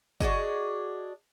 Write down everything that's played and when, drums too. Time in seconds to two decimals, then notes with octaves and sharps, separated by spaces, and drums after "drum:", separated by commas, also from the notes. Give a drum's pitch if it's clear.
0.20 D4 F#4 G#4 D#5, drum: kick